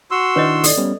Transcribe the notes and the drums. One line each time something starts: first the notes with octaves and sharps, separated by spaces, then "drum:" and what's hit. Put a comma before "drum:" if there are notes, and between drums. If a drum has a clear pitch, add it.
F#4 C6 E6
D#3 D4 E4 B4 C#5 D#5
A4 D5 D#5, drum: open hi-hat
G3 B3 C#4